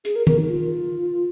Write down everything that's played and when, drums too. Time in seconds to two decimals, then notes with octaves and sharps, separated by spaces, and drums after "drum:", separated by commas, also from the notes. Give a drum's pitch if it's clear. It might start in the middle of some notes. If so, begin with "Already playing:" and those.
0.05 G#4, drum: hi-hat
0.16 A#4
0.27 A#4, drum: tom
0.38 D#4
0.49 F4